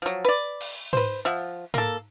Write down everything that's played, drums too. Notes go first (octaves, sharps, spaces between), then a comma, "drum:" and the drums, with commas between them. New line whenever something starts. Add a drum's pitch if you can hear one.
F3 F#3
B4 D5
drum: cymbal
B4 C5, drum: tom G#2
F3 E5 F#5
A#3 A4, drum: tom G#2